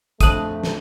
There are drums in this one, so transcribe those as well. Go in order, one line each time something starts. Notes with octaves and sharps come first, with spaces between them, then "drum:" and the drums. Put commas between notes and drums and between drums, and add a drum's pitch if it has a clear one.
F2 A3 D4 A4 D#6 F#6, drum: kick, hi-hat
drum: snare